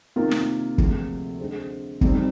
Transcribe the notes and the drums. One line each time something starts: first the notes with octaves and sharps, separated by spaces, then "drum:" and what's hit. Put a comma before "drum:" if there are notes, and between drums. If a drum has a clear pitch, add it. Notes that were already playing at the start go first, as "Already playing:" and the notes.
C3 D#3 A#3 F4 A#4
drum: snare
D2 C3 F3 G#3, drum: kick
D3 G#3 C4
F2 C3 D#3 G3 C4, drum: kick